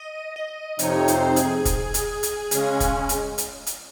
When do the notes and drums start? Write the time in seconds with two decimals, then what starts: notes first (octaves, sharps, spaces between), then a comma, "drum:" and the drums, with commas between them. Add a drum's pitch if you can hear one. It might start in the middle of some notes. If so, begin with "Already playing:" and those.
Already playing: D#5
0.36 D#5
0.79 F2 C3 F3 C4 D#4 C#5, drum: hi-hat
1.08 C5, drum: hi-hat
1.36 G#4, drum: hi-hat
1.65 drum: kick, hi-hat
1.94 drum: hi-hat
2.23 drum: hi-hat
2.51 C#3 G#3 C#4 G#4, drum: hi-hat
2.80 drum: kick, hi-hat
3.09 drum: hi-hat
3.38 drum: hi-hat
3.67 drum: hi-hat